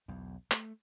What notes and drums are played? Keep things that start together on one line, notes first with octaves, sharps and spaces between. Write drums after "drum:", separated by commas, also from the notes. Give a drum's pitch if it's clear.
B1 E2
A3, drum: clap